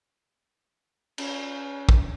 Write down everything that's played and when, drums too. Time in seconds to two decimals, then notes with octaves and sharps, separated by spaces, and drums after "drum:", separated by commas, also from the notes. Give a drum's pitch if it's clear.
1.18 C#4, drum: cymbal
1.89 drum: kick